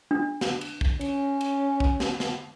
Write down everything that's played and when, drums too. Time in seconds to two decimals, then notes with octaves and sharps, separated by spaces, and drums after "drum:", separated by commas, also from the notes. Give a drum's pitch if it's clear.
0.11 D4
0.41 drum: snare
0.61 drum: cymbal
0.81 drum: kick
1.01 C#4, drum: cymbal
1.41 drum: cymbal
1.80 drum: kick
2.00 drum: snare
2.20 drum: snare